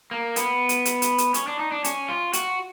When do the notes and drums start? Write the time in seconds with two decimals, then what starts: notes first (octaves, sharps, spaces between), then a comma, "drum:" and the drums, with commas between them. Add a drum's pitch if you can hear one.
0.11 A#3
0.36 B3, drum: hi-hat
0.69 drum: hi-hat
0.85 drum: hi-hat
1.02 drum: hi-hat
1.18 drum: hi-hat
1.34 C#4, drum: hi-hat
1.47 D4
1.59 D#4
1.72 D4
1.84 C#4, drum: hi-hat
2.09 F4
2.33 F#4, drum: hi-hat